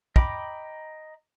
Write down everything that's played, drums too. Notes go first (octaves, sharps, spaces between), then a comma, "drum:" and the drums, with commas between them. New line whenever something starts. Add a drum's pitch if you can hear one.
D#5 G5 A#5 B5 D6, drum: kick